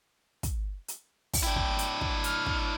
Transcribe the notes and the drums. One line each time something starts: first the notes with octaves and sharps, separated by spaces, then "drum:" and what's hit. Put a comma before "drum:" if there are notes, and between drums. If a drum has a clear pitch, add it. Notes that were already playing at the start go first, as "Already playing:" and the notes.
drum: kick, hi-hat
drum: hi-hat
drum: kick, open hi-hat
D4 E4 G5
drum: kick
drum: hi-hat
drum: kick
F6, drum: hi-hat
drum: kick